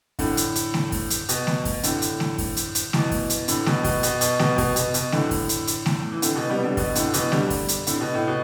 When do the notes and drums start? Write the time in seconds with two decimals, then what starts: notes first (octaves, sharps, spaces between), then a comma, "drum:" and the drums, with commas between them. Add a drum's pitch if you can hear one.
0.19 A2 D3, drum: kick F#2, open hi-hat
0.37 drum: hi-hat
0.55 drum: hi-hat
0.74 drum: snare A3
0.92 drum: kick F#2, open hi-hat
1.10 drum: hi-hat
1.29 B2, drum: hi-hat
1.47 drum: snare A3
1.65 drum: kick F#2, open hi-hat
1.83 A2 D3, drum: hi-hat
2.02 drum: hi-hat
2.20 drum: snare A3
2.38 drum: kick F#2, open hi-hat
2.57 drum: hi-hat
2.75 drum: hi-hat
2.93 B2 E3, drum: snare A3
3.11 drum: kick F#2, open hi-hat
3.30 drum: hi-hat
3.48 A2 D3, drum: hi-hat
3.66 B2, drum: snare A3
3.84 B2, drum: kick F#2, open hi-hat
4.03 B2, drum: hi-hat
4.21 B2, drum: hi-hat
4.39 B2, drum: snare A3
4.58 B2, drum: kick F#2, open hi-hat
4.76 B2, drum: hi-hat
4.94 B2, drum: hi-hat
5.12 A2 D3, drum: snare A3
5.31 drum: kick F#2, open hi-hat
5.49 drum: hi-hat
5.67 drum: hi-hat
5.86 drum: snare A3
6.12 E3
6.22 A2 D3, drum: hi-hat
6.36 B2 E3
6.49 G3 B3
6.63 D3 G3
6.77 B2, drum: kick F#2, open hi-hat
6.95 A2 D3, drum: hi-hat
7.14 B2 E3, drum: hi-hat
7.32 D3 G3, drum: snare A3
7.50 drum: kick F#2, open hi-hat
7.68 drum: hi-hat
7.87 A2 D3, drum: hi-hat
8.01 B2
8.14 A2
8.28 B2